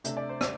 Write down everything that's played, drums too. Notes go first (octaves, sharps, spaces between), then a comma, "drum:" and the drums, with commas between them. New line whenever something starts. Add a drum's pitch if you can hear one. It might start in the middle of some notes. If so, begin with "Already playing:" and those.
C3 A3 D4 E5, drum: hi-hat
D5
C5
D5, drum: rim click